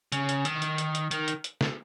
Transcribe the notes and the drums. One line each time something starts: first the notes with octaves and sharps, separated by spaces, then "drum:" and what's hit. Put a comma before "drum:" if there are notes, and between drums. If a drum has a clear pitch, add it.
C#3, drum: hi-hat
drum: hi-hat
D#3, drum: hi-hat
drum: hi-hat
drum: hi-hat
drum: hi-hat
D#3, drum: hi-hat
drum: hi-hat
drum: hi-hat
drum: snare